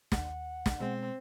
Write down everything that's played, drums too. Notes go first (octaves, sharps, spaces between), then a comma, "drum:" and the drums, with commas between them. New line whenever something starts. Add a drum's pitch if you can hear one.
D#2 F#5, drum: snare
drum: snare
B2 G#3 C4